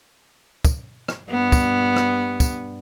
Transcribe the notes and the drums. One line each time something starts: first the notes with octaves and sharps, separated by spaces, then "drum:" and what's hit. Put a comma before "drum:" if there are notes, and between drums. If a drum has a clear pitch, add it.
drum: kick, tambourine
drum: rim click
G2 B3
drum: kick, tambourine
drum: rim click
drum: kick, tambourine